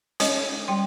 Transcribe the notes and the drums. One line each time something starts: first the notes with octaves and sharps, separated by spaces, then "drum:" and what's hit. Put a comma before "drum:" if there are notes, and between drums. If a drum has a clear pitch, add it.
G#3 C#4 C#5 D#5, drum: hi-hat
G3 G5 C6